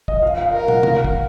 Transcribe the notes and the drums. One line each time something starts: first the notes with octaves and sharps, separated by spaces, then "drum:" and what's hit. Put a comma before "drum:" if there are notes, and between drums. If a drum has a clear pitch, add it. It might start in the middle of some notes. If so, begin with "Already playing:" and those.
D#5, drum: kick
F5
F5
A#4 F5
F#5, drum: tom
F5, drum: tom C3
drum: kick